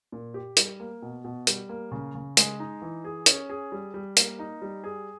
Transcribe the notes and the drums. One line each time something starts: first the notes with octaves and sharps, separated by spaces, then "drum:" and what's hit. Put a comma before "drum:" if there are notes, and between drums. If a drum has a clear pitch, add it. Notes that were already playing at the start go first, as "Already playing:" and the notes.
A#2
G4
G3, drum: hi-hat
A#3
B2
B2
G3, drum: hi-hat
A#3
C#3
C#3
G#3, drum: hi-hat
D#4
E3
G#4
C#4, drum: hi-hat
G#4
G3
G3
A#3, drum: hi-hat
D#4
G3
G#4